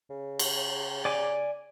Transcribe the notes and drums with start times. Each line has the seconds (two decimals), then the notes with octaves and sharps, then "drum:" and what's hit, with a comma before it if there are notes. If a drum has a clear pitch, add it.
0.10 C#3
0.39 drum: cymbal
1.05 D5 G#5 D6